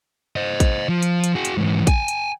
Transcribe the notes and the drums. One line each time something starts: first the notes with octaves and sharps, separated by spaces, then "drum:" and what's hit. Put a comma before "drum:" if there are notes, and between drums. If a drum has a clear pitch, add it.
C5 D#5
drum: kick A1, hi-hat
F3
drum: hi-hat
drum: hi-hat
F#4 G#4
drum: hi-hat
G#2 E3
G5 G#5, drum: kick A1, hi-hat
drum: hi-hat